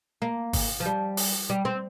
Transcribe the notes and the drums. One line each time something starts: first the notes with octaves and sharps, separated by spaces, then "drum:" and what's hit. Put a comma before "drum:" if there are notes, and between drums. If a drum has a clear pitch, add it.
A#3
drum: kick, open hi-hat
F3
G3
drum: open hi-hat
G3
C4